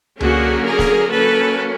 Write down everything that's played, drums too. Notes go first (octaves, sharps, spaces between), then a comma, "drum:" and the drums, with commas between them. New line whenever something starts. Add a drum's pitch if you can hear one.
D3 F#3 A#3 C#4 F#4 G#4, drum: tom C#2
G#4 A#4
drum: snare
F#3 A#3 C#4 A4 B4